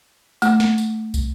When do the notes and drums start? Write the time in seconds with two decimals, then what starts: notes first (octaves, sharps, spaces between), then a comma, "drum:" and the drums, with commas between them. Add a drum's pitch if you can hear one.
0.42 A3, drum: tambourine
0.60 drum: snare
0.78 drum: tambourine
1.14 drum: kick, tambourine